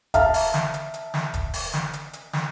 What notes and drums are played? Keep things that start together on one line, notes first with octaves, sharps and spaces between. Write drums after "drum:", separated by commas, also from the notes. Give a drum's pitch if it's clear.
E5 F5 A5 A#5 F6, drum: kick E1, hi-hat
drum: open hi-hat
drum: snare
drum: hi-hat
drum: hi-hat
drum: snare
drum: kick E1, hi-hat
drum: open hi-hat
drum: snare
drum: hi-hat
drum: hi-hat
drum: snare